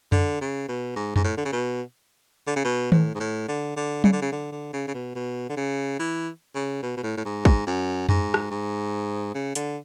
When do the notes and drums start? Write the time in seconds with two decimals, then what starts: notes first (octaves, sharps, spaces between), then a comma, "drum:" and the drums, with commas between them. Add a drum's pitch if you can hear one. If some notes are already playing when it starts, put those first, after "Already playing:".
0.12 D3, drum: tom F2
0.41 C#3
0.68 B2
0.96 G#2
1.16 G#2, drum: tom F2
1.24 A2
1.37 D3
1.45 C#3
1.52 B2
2.47 D3
2.56 C#3
2.64 B2
2.92 A2, drum: tom D#3
3.15 G#2
3.20 A2
3.48 D3
3.76 D3
4.04 C#3, drum: tom F#3
4.12 D3
4.21 C#3
4.32 D3
4.52 D3
4.73 C#3
4.88 C#3
4.94 B2
5.15 B2
5.49 D3
5.57 C#3
5.99 E3
6.55 C#3
6.83 B2
6.97 B2
7.03 A2
7.17 A2
7.25 G#2
7.45 G#2, drum: kick
7.67 F#2
8.09 G#2, drum: tom F2
8.34 drum: rim click
8.50 G#2
9.35 C#3
9.55 D3, drum: hi-hat